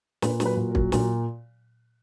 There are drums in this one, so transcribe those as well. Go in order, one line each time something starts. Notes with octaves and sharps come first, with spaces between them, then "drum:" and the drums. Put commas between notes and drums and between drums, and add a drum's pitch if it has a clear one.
A#2 B4, drum: snare
F#3, drum: snare
B4
A#2
A#4
F#3, drum: kick
A#2, drum: snare